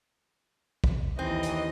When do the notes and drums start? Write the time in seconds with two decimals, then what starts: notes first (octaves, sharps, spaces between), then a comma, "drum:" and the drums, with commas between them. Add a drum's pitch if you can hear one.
0.84 drum: kick
1.19 D#2 E3 C4 D#5
1.43 drum: hi-hat